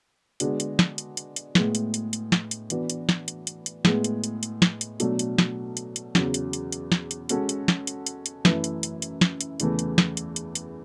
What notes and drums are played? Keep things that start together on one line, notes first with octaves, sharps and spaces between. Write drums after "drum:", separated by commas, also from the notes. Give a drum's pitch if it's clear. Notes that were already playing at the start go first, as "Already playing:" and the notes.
D3 G#3 B3 D4 F#4, drum: hi-hat
drum: hi-hat
drum: snare
drum: hi-hat
drum: hi-hat
drum: hi-hat
A2 G#3 B3, drum: snare
drum: hi-hat
drum: hi-hat
drum: hi-hat
drum: snare
drum: hi-hat
E3 B3 D4 F#4, drum: hi-hat
drum: hi-hat
drum: snare
drum: hi-hat
drum: hi-hat
drum: hi-hat
A2 G#3 B3, drum: snare
drum: hi-hat
drum: hi-hat
drum: hi-hat
drum: snare
drum: hi-hat
B2 F#3 A3 D4 A4, drum: hi-hat
drum: hi-hat
drum: snare
drum: hi-hat
drum: hi-hat
E2 C#3 F#3, drum: snare
drum: hi-hat
drum: hi-hat
drum: hi-hat
drum: snare
drum: hi-hat
G#3 C#4 F#4 A4, drum: hi-hat
drum: hi-hat
drum: snare
drum: hi-hat
drum: hi-hat
drum: hi-hat
F#2 E3 A3 E4 B4, drum: snare
drum: hi-hat
drum: hi-hat
drum: hi-hat
drum: snare
drum: hi-hat
E2 C#3 E3 A3, drum: hi-hat
drum: hi-hat
drum: snare
drum: hi-hat
drum: hi-hat
drum: hi-hat